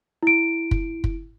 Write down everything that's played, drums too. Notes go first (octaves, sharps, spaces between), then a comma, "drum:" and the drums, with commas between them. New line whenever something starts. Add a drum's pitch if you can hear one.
E4 D7
drum: kick
drum: kick